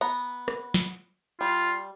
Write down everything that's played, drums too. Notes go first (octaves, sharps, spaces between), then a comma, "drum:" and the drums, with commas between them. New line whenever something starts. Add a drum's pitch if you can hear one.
B3 A#5
drum: rim click
drum: snare
G3 F4, drum: tambourine